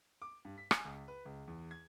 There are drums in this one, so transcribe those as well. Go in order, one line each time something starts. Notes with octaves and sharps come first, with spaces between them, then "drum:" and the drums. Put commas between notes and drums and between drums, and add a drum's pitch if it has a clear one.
D6
G2
B6
G#5, drum: rim click
C#2
B4
C#2
E2
G#6